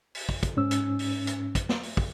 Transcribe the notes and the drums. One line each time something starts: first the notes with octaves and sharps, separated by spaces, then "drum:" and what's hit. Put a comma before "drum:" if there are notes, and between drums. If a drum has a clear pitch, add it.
drum: open hi-hat
drum: kick
drum: kick, hi-hat
G#2 C#4 E6
drum: hi-hat
drum: open hi-hat
drum: hi-hat
drum: kick, hi-hat
drum: snare
drum: open hi-hat
drum: kick